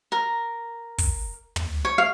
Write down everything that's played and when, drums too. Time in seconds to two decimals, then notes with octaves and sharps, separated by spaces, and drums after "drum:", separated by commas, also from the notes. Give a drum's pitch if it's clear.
0.12 A#4
0.98 drum: kick, open hi-hat
1.56 drum: tom
1.85 C#5
1.98 F5